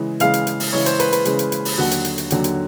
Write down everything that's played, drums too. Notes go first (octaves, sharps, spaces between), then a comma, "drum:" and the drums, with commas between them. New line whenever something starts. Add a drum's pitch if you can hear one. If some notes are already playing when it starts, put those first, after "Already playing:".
Already playing: C#3 E3 G#3
C#3 E3 G#3 F5, drum: hi-hat
drum: hi-hat
drum: hi-hat
drum: open hi-hat
C#3 E3 G#3 C#5
C5, drum: hi-hat
B4, drum: hi-hat
B4, drum: hi-hat
C#3 E3 G#3, drum: hi-hat
drum: hi-hat
drum: hi-hat
drum: open hi-hat
D#2 D3 F#3 F#4
drum: hi-hat
drum: hi-hat
drum: hi-hat
D#2 D3 F#3, drum: hi-hat
drum: hi-hat